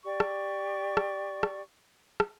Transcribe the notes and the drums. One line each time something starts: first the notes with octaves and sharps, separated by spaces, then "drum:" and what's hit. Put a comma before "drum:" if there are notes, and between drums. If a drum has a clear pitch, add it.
G4 D5 C#6
drum: rim click
drum: rim click
drum: rim click
drum: rim click